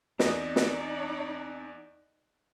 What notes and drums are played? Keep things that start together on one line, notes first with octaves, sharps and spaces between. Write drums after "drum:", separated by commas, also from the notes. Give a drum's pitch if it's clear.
E2 C4 D#4 D5 D#5, drum: snare
drum: snare